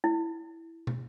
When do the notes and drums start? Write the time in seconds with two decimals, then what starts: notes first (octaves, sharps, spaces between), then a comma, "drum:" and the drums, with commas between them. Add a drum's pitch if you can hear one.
0.04 E4
0.87 drum: tom